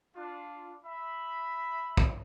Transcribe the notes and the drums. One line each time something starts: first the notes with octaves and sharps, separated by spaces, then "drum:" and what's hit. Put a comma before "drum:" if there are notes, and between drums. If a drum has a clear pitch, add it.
D4 F4
E5 B5
drum: kick